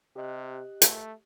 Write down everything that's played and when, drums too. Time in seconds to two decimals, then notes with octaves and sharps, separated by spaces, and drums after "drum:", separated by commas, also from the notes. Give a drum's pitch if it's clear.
0.16 C3 G4 D#5 F#6
0.82 A3, drum: hi-hat